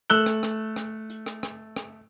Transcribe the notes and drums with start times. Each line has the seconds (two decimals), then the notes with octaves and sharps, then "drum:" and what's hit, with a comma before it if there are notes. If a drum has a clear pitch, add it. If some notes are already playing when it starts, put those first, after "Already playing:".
0.10 A3 E6 F#6 F#7 G7, drum: hi-hat
0.26 drum: rim click
0.43 drum: rim click
0.76 drum: rim click
1.10 drum: hi-hat
1.26 drum: rim click
1.43 drum: rim click
1.76 drum: rim click